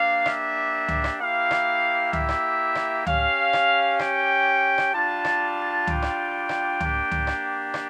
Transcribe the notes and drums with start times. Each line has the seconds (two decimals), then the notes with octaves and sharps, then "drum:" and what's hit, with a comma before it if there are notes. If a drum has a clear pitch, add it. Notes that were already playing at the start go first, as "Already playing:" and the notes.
Already playing: A#3 D4 G4 F5
0.26 E5, drum: rim click
0.88 drum: tom C#2
1.04 drum: rim click
1.20 A#3 E4 G4 F5
1.51 drum: rim click
2.13 E5, drum: tom C#2
2.29 drum: rim click
2.75 drum: rim click
3.07 C#4 G4 F5, drum: tom C#2
3.53 drum: rim click
3.99 G5, drum: rim click
4.78 drum: rim click
4.93 G3 D4 F4 A5
5.25 drum: rim click
5.87 G5, drum: tom C#2
6.02 drum: rim click
6.49 drum: rim click
6.80 A#3 D4 G4, drum: tom C#2
7.11 drum: tom C#2
7.27 drum: rim click
7.74 drum: rim click